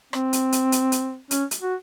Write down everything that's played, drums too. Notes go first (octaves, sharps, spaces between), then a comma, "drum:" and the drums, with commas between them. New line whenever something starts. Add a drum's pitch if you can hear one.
C4, drum: rim click
drum: hi-hat
drum: hi-hat
drum: hi-hat
drum: hi-hat
C#4, drum: hi-hat
drum: hi-hat
F#4